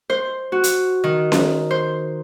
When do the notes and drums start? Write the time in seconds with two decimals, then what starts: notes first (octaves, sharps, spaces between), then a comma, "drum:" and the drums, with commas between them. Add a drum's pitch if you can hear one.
0.10 C5
0.52 F#4
0.64 drum: hi-hat
1.04 D#3
1.32 drum: snare C#4
1.71 C5